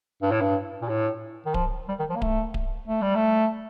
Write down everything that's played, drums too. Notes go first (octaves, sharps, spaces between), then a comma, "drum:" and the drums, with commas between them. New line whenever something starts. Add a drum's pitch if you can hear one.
G2
A2
G2
A#2
A2
D#3
F3, drum: kick D1
G3
D#3
F3
A#3
A3, drum: kick D1
drum: kick D1
A3
G3
A3